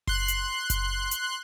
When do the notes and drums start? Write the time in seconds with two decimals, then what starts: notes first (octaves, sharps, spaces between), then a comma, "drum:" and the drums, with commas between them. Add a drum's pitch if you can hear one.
0.07 C6 F#6, drum: kick F#1
0.28 drum: hi-hat
0.70 drum: kick F#1, hi-hat
1.11 drum: hi-hat